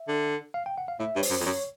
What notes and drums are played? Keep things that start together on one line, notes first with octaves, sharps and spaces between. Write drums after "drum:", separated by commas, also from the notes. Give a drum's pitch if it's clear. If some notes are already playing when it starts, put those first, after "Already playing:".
Already playing: E5
D3
F5
G5
F#5
F5
A2 E5
G2 C#5
C5, drum: open hi-hat
F#2
F2
F#2 C#5